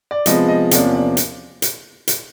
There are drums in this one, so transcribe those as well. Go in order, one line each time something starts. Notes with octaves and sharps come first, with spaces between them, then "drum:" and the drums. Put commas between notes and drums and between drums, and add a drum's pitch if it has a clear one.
D5
C3 F3 G#3 B3 D#5, drum: hi-hat
D#5
E2 C3 F3 A#3 C#4 D5, drum: hi-hat
D5
drum: hi-hat
drum: hi-hat
drum: hi-hat